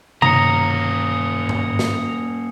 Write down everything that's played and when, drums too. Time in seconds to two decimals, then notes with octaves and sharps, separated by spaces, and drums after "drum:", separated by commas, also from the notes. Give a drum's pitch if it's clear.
0.22 G2 B2 D#3 A#3 C#4 A#5 D#6 C#7, drum: tom C3
1.49 drum: tom G#2
1.79 drum: snare